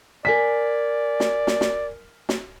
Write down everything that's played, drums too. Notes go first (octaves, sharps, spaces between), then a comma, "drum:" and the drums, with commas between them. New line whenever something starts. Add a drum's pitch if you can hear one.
A#4 D5 G#5 B6
drum: snare
drum: snare
drum: snare
drum: snare